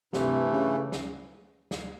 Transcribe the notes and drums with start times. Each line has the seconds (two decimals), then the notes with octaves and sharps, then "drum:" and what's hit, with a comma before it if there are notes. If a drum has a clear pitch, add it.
0.13 G2 C3 E3 A3, drum: snare
0.53 C#3
0.92 drum: snare
1.71 drum: snare